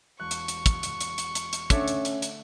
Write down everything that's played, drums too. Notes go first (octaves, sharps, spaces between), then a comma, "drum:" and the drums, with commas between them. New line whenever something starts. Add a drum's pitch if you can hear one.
E1 C#6 F#6
drum: hi-hat
drum: hi-hat
drum: kick, hi-hat
drum: hi-hat
drum: hi-hat
drum: hi-hat
drum: hi-hat
drum: hi-hat
D3 A3 C#4 C#5 E5 D6, drum: kick, hi-hat
drum: hi-hat
drum: hi-hat
drum: hi-hat